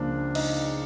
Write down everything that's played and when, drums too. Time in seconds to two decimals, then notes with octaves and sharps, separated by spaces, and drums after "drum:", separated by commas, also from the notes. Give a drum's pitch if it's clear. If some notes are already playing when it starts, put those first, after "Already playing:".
Already playing: C#2 C#3 F3 A#3 D4
0.35 D#4 D#5, drum: cymbal